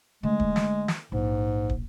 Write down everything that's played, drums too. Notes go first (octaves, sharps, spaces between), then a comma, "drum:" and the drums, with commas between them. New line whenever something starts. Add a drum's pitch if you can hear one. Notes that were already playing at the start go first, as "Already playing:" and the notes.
D3 G#3 A3
drum: kick
drum: snare
drum: snare
A#1 G#2
drum: kick